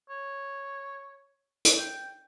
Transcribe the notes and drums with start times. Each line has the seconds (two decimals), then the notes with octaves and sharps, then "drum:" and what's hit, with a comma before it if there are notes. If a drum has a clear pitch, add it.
0.10 C#5
1.65 drum: hi-hat
1.78 G5